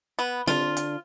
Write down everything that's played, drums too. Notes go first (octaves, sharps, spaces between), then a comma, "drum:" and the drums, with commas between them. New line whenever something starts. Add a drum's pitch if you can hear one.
B3
D3 D4 F4, drum: snare C4
drum: hi-hat